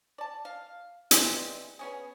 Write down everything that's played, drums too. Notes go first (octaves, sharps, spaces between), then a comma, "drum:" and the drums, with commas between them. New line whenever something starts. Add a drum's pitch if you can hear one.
D5 A5
F5
E3 G3 G#3 C4, drum: hi-hat
B3 C#4 G#4